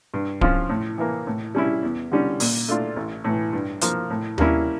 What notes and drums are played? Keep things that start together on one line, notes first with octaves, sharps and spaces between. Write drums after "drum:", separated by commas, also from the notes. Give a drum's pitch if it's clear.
G2
F3 C#4 F4, drum: kick D1
A2
E3 A#3
A2
G3 C#4 E4
E2
D3 G3 C#4
A#2, drum: open hi-hat
A3 D4 F4
A1
A2 E3
G2
F3 A#3, drum: hi-hat
A2
G3 A#3 C#4 E4, drum: tom D#2